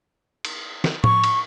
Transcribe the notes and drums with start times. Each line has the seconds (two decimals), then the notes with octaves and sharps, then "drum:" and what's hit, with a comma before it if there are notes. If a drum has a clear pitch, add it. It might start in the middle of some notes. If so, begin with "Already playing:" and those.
0.45 drum: cymbal
0.84 drum: snare
1.04 C#6, drum: tom A2
1.24 drum: cymbal